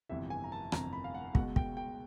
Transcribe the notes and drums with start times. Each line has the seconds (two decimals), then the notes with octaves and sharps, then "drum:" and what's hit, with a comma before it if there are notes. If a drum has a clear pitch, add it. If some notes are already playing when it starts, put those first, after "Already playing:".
0.09 G1 F2 C3 E3 E5
0.30 G#5
0.44 A#5
0.52 A5
0.72 G1 F2 C3 E3 A#5, drum: rim click
0.93 B5
1.04 F5
1.14 F#5
1.35 C#2 B2 G#3 F#5, drum: kick
1.56 G5, drum: kick
1.77 G5